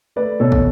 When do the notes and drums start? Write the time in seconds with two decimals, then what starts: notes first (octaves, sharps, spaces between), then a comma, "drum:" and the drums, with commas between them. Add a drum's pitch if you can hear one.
0.16 A3 B4 D5
0.40 B2 A4 C#5
0.52 drum: kick